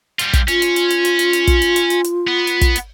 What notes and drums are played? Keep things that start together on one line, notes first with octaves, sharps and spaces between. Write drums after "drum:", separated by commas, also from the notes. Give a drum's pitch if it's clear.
G3 F4, drum: hi-hat
drum: kick, hi-hat
C#4 F4, drum: hi-hat
drum: hi-hat
drum: hi-hat
drum: hi-hat
drum: hi-hat
drum: hi-hat
drum: hi-hat
drum: kick, hi-hat
drum: hi-hat
drum: hi-hat
drum: hi-hat
drum: hi-hat
B3
drum: hi-hat
drum: kick, hi-hat
drum: hi-hat